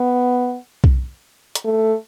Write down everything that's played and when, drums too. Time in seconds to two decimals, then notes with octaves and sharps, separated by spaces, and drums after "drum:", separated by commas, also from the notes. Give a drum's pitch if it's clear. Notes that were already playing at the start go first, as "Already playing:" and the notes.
Already playing: B3
0.84 drum: kick B1
1.55 drum: hi-hat
1.64 A3